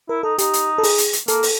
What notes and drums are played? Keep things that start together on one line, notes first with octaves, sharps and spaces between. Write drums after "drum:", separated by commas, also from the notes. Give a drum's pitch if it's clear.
E4 A#4
D#4 A4
D#4 G4, drum: hi-hat
drum: hi-hat
A4
G#4, drum: open hi-hat
drum: hi-hat
drum: hi-hat
A#3 A4, drum: hi-hat
drum: open hi-hat